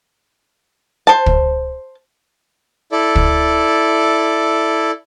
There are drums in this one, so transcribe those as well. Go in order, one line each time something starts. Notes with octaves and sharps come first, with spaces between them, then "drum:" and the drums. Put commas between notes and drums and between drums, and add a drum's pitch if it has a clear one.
C5 A5
drum: kick
E4 A4 D5
drum: kick